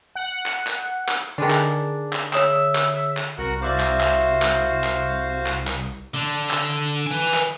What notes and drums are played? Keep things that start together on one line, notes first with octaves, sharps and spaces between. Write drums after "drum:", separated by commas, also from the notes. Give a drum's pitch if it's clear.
F#5
drum: clap
drum: clap
drum: clap
D3 D#3 G#3 D4 G#4
drum: clap
drum: clap
C#5 E5 D#6 E7, drum: clap
drum: clap
drum: clap
C2 F#4 A#4 F#5
F#4 C5 D5 E5 F5 D6
drum: clap
drum: clap
drum: clap
drum: clap
drum: clap
drum: clap
D3 D4
drum: clap
B4 G#5
drum: clap